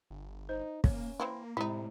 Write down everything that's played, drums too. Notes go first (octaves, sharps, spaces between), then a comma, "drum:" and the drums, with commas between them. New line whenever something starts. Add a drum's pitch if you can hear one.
G1
D#4 C5
A#3 C#4 C#5, drum: kick
E3 A#3 C4 E4
A2 C3 G3 G#3 D#4 E4